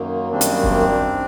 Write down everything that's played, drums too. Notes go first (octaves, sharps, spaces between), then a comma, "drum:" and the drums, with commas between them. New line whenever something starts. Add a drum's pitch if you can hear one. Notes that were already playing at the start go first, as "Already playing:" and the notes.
Already playing: F#2 D#3 F#3 A#3
F#2 D#3 G3 A#3 C4 D4
drum: hi-hat
drum: kick